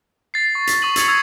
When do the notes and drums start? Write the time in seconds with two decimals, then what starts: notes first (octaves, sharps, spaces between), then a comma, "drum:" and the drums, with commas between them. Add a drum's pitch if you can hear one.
0.34 A6 C7
0.55 C#6
0.67 B6, drum: hi-hat
0.82 C#6 D#6 A6 D#7 F#7
0.96 C#6 E6 G#6 A6 C#7 F7, drum: hi-hat
1.08 D#6 E6 G#6 F7